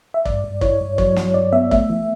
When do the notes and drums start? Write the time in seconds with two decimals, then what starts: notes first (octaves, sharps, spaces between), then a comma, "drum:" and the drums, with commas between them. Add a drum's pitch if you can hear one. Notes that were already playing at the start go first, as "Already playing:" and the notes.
0.14 E5
0.25 G2 D5, drum: kick
0.44 G2
0.61 E4 C#5, drum: kick
0.81 G2
0.98 F#3 C#5, drum: kick
1.16 F#3, drum: snare
1.34 G2 D5
1.53 B3 E5
1.71 A3 E5, drum: kick
1.90 E3